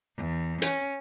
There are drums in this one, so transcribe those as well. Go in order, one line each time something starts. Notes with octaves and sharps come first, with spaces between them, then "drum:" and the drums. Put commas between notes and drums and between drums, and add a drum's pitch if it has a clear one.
E2
C#4, drum: hi-hat